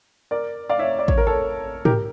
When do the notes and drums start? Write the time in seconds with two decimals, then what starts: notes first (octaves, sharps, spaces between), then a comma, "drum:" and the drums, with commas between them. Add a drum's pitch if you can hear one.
0.31 A#4 D5
0.69 D5 F5
0.79 C#5 E5
0.99 D5
1.08 C#5, drum: kick
1.18 A#4
1.27 A4 C#5
1.85 G4 A#4, drum: tom